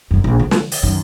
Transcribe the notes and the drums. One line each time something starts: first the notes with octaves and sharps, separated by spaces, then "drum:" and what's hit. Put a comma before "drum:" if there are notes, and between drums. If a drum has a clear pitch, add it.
G1 F#2
A#1
D3 F3
drum: snare
drum: open hi-hat
F#2 D#3